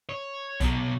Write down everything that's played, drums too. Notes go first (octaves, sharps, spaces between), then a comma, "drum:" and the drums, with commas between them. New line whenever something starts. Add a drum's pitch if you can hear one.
C#5
B2 F#3, drum: kick B1, hi-hat